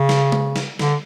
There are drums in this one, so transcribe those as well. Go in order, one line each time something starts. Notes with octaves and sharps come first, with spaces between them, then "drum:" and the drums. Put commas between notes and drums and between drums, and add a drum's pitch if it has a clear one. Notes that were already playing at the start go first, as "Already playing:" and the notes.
Already playing: C#3
drum: snare
drum: tom G#3
drum: snare
D3, drum: snare